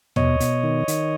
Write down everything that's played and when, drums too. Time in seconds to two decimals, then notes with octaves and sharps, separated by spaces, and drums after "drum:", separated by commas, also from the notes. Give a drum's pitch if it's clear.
0.16 B2 C#5 D#5, drum: tom
0.40 B2, drum: hi-hat
0.63 D#3
0.88 D#3, drum: hi-hat